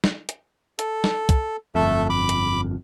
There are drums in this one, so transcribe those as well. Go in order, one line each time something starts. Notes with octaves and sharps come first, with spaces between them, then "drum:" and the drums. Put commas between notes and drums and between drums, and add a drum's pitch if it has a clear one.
drum: snare
drum: hi-hat
A4, drum: hi-hat
drum: snare
drum: kick, hi-hat
G1 F2 A3 A4 E5
B5 D6
drum: hi-hat